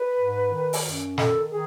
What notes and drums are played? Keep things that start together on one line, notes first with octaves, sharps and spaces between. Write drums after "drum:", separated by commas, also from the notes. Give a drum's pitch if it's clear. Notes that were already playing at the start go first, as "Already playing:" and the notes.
Already playing: B4
G#2
D#3
drum: open hi-hat
F#2
D#3 A4, drum: snare
D#3 G#4